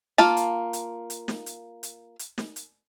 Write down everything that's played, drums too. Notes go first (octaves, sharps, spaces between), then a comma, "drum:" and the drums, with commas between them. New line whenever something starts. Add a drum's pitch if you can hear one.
A#3 F4 F5 A5, drum: snare
drum: hi-hat
drum: hi-hat
drum: hi-hat
drum: snare
drum: hi-hat
drum: hi-hat
drum: hi-hat
drum: snare
drum: hi-hat